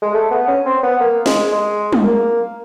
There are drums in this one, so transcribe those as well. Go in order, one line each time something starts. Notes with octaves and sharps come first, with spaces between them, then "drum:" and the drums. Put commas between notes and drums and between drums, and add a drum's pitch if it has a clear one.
G#3
A3
B3
C#4
C4
B3
A#3
G#3, drum: snare
G#3
drum: tom
A#3